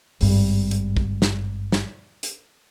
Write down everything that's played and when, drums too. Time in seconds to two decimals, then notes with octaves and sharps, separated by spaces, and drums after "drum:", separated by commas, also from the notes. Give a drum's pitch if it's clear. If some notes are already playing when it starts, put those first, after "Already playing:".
0.21 G#1 G2, drum: open hi-hat
0.71 drum: hi-hat
0.97 drum: kick
1.22 drum: snare
1.72 drum: snare
2.23 drum: hi-hat